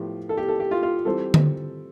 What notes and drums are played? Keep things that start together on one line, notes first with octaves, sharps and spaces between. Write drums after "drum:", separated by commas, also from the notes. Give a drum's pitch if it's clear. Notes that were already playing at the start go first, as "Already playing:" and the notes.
Already playing: A2 F3 B3 E4 G4
A4
G4
A4
G4
F4
F4
E3 G3 C4 A4
drum: tom D3